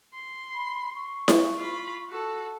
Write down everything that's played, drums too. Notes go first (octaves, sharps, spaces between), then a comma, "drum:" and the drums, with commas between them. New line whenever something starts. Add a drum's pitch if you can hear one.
C6
B5
C#6
drum: snare E4
F4 B5
F#4 A4